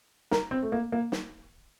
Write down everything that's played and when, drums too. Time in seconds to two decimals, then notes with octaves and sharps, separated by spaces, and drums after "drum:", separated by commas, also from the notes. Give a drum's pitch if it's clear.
0.31 A#4, drum: snare
0.51 C4
0.62 A3
0.72 A#3
0.92 A#3
1.12 drum: snare